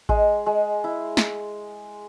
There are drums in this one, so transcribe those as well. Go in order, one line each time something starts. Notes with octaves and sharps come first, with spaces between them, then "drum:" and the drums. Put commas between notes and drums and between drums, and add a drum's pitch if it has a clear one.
G#3, drum: kick A1
G#3
E4
drum: snare